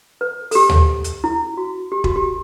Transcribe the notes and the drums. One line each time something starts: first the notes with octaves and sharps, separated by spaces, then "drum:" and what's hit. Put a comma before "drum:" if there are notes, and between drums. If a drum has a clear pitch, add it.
B4
A4, drum: open hi-hat
G4
drum: tom
drum: hi-hat
E4
F#4
G4
F#4, drum: kick
G4